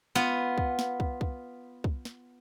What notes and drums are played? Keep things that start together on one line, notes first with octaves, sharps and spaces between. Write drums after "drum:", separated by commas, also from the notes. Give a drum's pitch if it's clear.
B3 F4
drum: kick
drum: snare
drum: kick
drum: kick
drum: kick
drum: snare